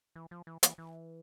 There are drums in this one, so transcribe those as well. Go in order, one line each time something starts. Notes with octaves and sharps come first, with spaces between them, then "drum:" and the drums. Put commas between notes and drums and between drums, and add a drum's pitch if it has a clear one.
E3
F3
E3
E3, drum: hi-hat
E3